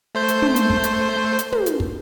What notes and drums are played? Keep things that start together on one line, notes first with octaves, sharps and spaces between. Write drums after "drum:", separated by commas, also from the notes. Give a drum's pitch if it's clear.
A3 C5 G6
drum: hi-hat
drum: tom
drum: hi-hat
drum: kick
drum: hi-hat
drum: hi-hat
drum: tom
drum: hi-hat
drum: kick